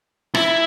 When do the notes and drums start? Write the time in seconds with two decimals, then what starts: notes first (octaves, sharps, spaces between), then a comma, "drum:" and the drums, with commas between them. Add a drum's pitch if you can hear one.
0.35 E4, drum: rim click